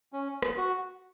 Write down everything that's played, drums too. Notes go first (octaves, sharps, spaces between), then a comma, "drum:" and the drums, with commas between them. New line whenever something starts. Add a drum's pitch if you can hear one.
C#4
drum: rim click
F#4